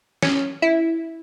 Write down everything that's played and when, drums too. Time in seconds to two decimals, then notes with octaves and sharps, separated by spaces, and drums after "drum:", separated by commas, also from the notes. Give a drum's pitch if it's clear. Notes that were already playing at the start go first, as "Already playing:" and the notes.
0.22 C#4, drum: snare
0.62 E4